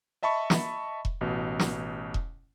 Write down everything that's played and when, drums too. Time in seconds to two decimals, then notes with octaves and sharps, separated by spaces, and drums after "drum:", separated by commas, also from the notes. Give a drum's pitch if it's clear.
0.23 D#5 E5 A5 B5 C#6
0.50 drum: snare
1.05 drum: kick E1
1.21 A1 B2
1.59 drum: snare
2.14 drum: kick E1